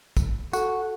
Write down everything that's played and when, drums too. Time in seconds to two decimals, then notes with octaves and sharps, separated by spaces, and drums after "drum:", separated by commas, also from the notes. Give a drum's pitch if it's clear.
0.17 drum: kick, tambourine
0.53 F#4 A4, drum: tambourine